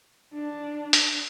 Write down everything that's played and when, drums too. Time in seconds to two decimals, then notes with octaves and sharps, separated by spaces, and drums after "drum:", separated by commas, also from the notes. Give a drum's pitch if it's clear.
0.34 D4
0.93 drum: hi-hat